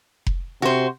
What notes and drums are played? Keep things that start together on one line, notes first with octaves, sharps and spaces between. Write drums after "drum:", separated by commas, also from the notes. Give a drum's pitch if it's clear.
drum: kick F1
C3 F#4 C5